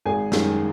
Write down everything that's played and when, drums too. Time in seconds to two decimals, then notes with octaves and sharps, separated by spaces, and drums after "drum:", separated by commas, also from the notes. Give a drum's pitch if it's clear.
0.06 G#1 G#4 G#5
0.32 F#2 D#3 G#3, drum: snare